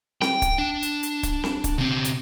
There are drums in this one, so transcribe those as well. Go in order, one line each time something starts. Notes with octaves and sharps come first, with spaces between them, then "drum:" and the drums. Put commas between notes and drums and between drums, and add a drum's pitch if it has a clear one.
G5, drum: snare C4
drum: kick, hi-hat
D4
drum: hi-hat
drum: hi-hat
drum: kick, hi-hat
drum: snare C4
drum: kick, hi-hat
C#3 C4
drum: hi-hat